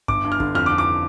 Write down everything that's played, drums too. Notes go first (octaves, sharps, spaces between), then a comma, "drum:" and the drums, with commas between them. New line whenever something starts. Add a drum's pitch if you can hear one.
G1 D6, drum: kick
G2
F6
D3, drum: kick
F2 F6
D6
F2
D6